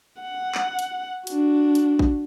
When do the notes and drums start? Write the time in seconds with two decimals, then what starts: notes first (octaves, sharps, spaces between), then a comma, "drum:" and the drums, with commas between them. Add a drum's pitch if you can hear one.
0.22 F#5
0.55 drum: clap
0.79 drum: hi-hat
1.27 D4 F#4, drum: hi-hat
1.75 drum: hi-hat
1.99 drum: kick